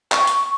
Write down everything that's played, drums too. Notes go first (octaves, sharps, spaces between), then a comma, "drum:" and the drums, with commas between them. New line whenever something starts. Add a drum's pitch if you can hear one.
C#6, drum: clap
drum: hi-hat